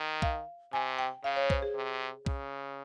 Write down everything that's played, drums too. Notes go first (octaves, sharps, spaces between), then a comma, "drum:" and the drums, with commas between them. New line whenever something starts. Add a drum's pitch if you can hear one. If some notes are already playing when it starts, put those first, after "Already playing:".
Already playing: D#3
F5, drum: kick B1
C3 G#5
G5
C#3 F5
C#5
C5, drum: kick B1
G#4
C3
C#3, drum: kick B1